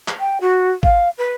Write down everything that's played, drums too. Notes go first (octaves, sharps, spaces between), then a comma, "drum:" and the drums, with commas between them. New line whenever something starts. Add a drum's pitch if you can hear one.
drum: clap
G5
F#4
F5, drum: kick
B4